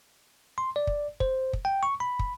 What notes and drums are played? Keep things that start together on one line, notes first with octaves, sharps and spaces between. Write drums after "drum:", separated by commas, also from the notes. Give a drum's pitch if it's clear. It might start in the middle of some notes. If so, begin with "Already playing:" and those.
C6
D5
drum: kick
C5, drum: kick
drum: kick
G5
C#6
B5
drum: kick